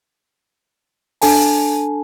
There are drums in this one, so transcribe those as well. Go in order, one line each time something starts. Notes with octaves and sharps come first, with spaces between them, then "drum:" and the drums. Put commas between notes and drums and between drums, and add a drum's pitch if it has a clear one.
D4 A4 G#5 A5, drum: open hi-hat